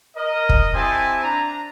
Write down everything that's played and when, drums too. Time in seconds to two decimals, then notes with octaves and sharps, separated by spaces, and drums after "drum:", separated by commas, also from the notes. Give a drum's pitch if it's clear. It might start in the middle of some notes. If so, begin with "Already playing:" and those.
0.16 A#4 D#5
0.49 drum: kick
0.74 C4 E4 G4 G#5 A5
1.24 D4 A#5